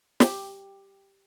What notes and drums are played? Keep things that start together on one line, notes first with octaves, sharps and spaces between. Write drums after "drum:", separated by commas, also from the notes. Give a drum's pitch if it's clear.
G4, drum: snare